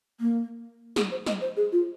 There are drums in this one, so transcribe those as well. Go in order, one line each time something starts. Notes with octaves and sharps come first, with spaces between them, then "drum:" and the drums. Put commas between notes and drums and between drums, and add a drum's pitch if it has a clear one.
A#3
G#4, drum: snare
C5
D#5, drum: snare
C5
G#4
F4